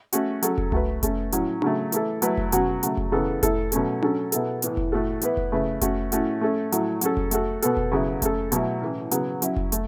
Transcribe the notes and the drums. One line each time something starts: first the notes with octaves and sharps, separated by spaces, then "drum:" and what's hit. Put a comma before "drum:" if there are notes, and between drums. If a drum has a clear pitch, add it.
A3 C#4 F#4, drum: hi-hat
F#3 C#4 A4, drum: hi-hat
drum: kick F1
A3 F#4 B4, drum: tom C2
A3 C#4 A4, drum: kick F1, hi-hat
A2 F#3 C#4, drum: hi-hat
C#3 F#3 A3, drum: tom D4
E3 A3 E4 A4, drum: hi-hat
F#3 A3 E4 B4, drum: hi-hat
drum: kick F1
B2 F#3 C#4 F#4, drum: hi-hat
C#3 F#3 A3, drum: hi-hat
drum: kick F1
C#3 E3 B3 A4
A2 A3 E4 A4, drum: kick F1, hi-hat
B2 F#3 A3 C#4 A4, drum: hi-hat
F#3 C#4 A4, drum: tom D4
B2 B3 E4 A4, drum: hi-hat
A2 E3 B3, drum: hi-hat
drum: kick F1
A2 A3 F#4 A4
E3 B3 E4 B4, drum: hi-hat
drum: kick F1
C#3 A3 E4 B4
A3 C#4 F#4, drum: kick F1, hi-hat
A2 A3 C#4 F#4, drum: hi-hat
A3 C#4 A4
A2 F#3 A3, drum: hi-hat
F#3 C#4 A4, drum: hi-hat
drum: kick F1
A3 F#4 A4, drum: hi-hat
B2 B3 A4, drum: hi-hat
drum: kick F1
C#3 F#3 B3 E4
A3 C#4 A4, drum: kick F1, hi-hat
B2 F#3 A3 E4, drum: hi-hat
A2 E3 C#4
C#3 F#3 B3, drum: hi-hat
F#3 C#4 E4, drum: hi-hat
drum: kick F1
A3, drum: hi-hat